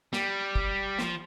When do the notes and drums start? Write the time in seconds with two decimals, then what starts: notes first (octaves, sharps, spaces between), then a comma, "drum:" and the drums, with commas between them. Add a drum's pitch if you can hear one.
0.13 G3, drum: snare
0.56 drum: kick
0.99 F3, drum: snare